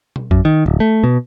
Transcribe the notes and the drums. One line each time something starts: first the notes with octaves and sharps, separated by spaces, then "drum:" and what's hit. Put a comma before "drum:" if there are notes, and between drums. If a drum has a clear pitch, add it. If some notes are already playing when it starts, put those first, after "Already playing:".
drum: tom B2
F#2, drum: kick
D#3
D1
A3
B2